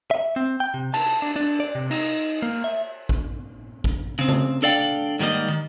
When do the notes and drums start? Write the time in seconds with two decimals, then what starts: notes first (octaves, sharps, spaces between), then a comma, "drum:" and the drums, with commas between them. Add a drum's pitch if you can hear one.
0.11 E5
0.36 C4
0.60 G5
0.74 C3
0.94 A5, drum: cymbal
1.22 D4
1.36 D4
1.60 D5
1.75 C3
1.91 D#4, drum: cymbal
2.42 A#3
2.64 E5
3.09 drum: kick A1
3.84 drum: kick A1
4.19 C#3 C4
4.29 drum: tom C#3
4.62 D4 A4 D5 F5 G5
5.19 G#2 D#3 G3 A#3 D#5
5.48 D#3